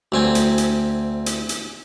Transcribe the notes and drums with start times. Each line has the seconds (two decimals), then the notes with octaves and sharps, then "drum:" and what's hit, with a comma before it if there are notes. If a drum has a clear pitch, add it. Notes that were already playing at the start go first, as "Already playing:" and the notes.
0.12 D2 C4 G#5
0.35 drum: hi-hat
0.58 drum: hi-hat
1.26 drum: hi-hat
1.49 drum: hi-hat